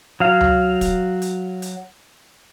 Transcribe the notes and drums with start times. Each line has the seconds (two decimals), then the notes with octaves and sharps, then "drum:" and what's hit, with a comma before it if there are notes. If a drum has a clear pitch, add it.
0.20 F#3 F5
0.41 drum: tom C#2
0.81 drum: kick, hi-hat
1.22 drum: hi-hat
1.62 drum: hi-hat